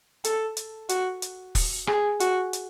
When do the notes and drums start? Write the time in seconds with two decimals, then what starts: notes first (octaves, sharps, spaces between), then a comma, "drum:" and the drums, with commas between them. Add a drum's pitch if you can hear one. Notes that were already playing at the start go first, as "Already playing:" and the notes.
0.24 A4, drum: hi-hat
0.57 drum: hi-hat
0.89 F#4, drum: hi-hat
1.22 drum: hi-hat
1.55 drum: kick, open hi-hat
1.87 G#4, drum: rim click
2.20 F#4, drum: hi-hat
2.53 drum: hi-hat